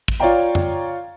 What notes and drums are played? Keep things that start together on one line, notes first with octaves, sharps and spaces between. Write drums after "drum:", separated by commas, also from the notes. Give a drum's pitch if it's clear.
drum: kick
F4 C#5 D5 F5 G5 A#5
drum: tom F2